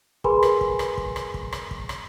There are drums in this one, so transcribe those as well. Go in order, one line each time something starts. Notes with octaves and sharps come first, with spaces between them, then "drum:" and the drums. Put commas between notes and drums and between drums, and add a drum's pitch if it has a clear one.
G#4 A#4 B4 G#5 B5 C6, drum: kick
drum: rim click
drum: kick
drum: rim click
drum: kick
drum: rim click
drum: kick
drum: rim click
drum: kick
drum: rim click